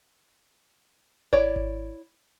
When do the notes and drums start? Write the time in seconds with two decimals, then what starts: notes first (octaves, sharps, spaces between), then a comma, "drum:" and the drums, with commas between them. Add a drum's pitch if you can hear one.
1.33 E4 C#5 D5, drum: kick G#1
1.56 drum: kick G#1